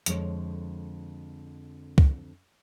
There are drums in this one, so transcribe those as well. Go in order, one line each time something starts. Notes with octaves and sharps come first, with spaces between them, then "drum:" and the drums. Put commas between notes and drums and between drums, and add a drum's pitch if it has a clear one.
F2 D3 G#3 C#5, drum: hi-hat
drum: kick C#2